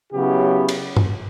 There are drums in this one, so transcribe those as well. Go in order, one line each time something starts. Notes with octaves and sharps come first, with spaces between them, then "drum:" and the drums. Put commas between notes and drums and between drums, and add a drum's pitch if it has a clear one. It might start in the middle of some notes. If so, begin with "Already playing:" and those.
C#3 F#3 B3 E4 G4
drum: cymbal
drum: tom G2